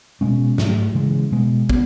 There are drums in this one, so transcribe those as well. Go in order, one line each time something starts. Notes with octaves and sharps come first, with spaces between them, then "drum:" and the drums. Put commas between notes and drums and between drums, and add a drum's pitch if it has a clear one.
B2 G#3 C#4
G#2 F#3 A3, drum: snare
C#3 E3 G#3
B2 G#3 B3
B3, drum: kick